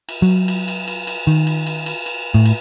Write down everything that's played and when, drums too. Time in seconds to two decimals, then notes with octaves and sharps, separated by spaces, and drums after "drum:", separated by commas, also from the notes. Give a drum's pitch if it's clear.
0.09 drum: cymbal
0.22 F#3
0.48 drum: cymbal
0.68 drum: cymbal
0.88 drum: cymbal
1.07 drum: cymbal
1.27 D#3
1.47 drum: cymbal
1.67 drum: cymbal
1.86 drum: cymbal
2.06 drum: cymbal
2.34 A2
2.45 drum: cymbal